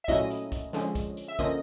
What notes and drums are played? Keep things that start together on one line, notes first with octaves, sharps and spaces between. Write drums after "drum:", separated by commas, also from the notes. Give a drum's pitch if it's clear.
E5
A#2 F#3 A3 C#4 E4 D#5, drum: kick, hi-hat
drum: hi-hat
drum: kick, hi-hat
D3 F3 G#3 C#4, drum: snare
drum: kick, hi-hat
drum: hi-hat
E5
D3 F3 A#3 C#4 D#5, drum: kick, hi-hat